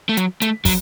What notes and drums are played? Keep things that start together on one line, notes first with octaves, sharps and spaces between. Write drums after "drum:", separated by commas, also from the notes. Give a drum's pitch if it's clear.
A3
F#3, drum: hi-hat
A3, drum: hi-hat
F#3, drum: kick, open hi-hat